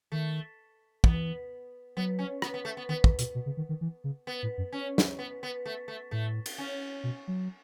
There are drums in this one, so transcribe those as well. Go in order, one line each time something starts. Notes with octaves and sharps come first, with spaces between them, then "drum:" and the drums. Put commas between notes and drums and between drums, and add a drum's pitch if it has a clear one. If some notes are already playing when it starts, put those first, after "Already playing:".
D#3 A3
E3 B3, drum: kick
F#3 B3
C#4
B3, drum: rim click
B3
A3
B3
D#3 B3
D#3, drum: kick
B2, drum: hi-hat
B2
C#3
D#3
D#3
E3
C#3
B3
A2
F#2
C#4
drum: snare
B3
B3
A3
A3
A2 A3
drum: cymbal
C#4
B2
F#3